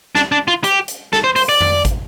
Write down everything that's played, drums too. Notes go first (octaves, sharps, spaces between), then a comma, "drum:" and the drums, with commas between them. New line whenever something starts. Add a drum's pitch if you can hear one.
D4, drum: snare
D4
F4
G4, drum: hi-hat
drum: hi-hat
A4, drum: snare
C5
C5, drum: open hi-hat
D5
drum: tom F2
drum: kick, hi-hat